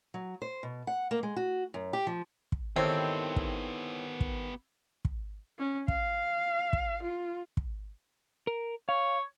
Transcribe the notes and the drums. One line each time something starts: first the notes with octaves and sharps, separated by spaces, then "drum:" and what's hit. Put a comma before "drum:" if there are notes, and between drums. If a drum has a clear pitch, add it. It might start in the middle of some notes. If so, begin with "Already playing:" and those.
F#3
C5
B2
F#5
A#3
G#3
F#4
F#2
G4
F3
drum: kick
D#3 B3 C4 E4 G4 A4 C#5
drum: kick
drum: kick
drum: kick
C#4
F5, drum: kick
drum: kick
F4
drum: kick
A#4
C#5 F5